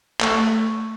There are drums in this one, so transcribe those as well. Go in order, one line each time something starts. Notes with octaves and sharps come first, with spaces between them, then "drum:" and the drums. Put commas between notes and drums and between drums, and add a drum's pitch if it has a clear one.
A3, drum: clap